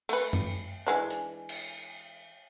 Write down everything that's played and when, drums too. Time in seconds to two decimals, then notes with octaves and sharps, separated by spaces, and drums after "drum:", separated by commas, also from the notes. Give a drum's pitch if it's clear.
0.09 A3 B4, drum: cymbal
0.33 drum: tom F#2
0.87 E3 G#3 D4
1.10 drum: hi-hat
1.49 drum: cymbal